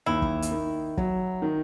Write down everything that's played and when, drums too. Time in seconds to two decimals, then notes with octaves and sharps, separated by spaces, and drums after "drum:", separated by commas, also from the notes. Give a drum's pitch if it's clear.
0.06 D#2 E4
0.22 drum: kick
0.42 drum: hi-hat
0.52 D#3
0.97 F#3, drum: kick
1.42 D#3